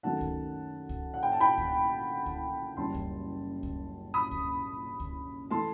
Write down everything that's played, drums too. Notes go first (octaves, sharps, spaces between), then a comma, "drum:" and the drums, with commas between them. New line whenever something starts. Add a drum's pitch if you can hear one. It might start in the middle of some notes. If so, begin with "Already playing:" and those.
F#2 D#3 F#3 A3 F#5 A5
drum: kick C#2
drum: kick C#2
F#5
G5
A5
G5 B5
drum: kick C#2
drum: kick C#2
F#1 F#2 E3 G3 A5 C6
drum: kick C#2
drum: kick C#2
B5 D#6
drum: kick C#2
drum: kick C#2
E3 A3 A5 C6